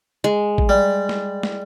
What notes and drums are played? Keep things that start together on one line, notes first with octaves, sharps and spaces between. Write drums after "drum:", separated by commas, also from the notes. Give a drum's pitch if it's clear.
G#3
drum: kick
G3
drum: snare
drum: snare